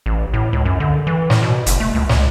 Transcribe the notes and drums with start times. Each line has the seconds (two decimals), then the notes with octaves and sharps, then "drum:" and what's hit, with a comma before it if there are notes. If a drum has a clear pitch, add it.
0.06 A1
0.34 A2
0.53 C#2
0.65 F#2
0.80 D3
1.07 E3
1.30 A2, drum: snare
1.42 B2
1.66 F#1, drum: hi-hat
1.80 A3
1.94 C#2
2.09 C#2, drum: snare